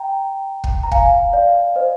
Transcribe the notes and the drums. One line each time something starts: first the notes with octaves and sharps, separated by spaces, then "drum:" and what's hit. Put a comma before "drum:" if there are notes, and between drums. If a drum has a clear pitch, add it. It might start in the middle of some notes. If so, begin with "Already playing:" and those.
Already playing: G5 A#5
drum: kick
A#5
F5 G#5, drum: kick
D5 F5
C5 D#5